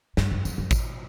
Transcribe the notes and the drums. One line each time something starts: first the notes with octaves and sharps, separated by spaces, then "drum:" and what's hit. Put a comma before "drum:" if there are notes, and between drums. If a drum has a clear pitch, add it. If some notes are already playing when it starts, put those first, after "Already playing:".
G2, drum: snare
F#2
F2, drum: tambourine
F#2
drum: kick, tambourine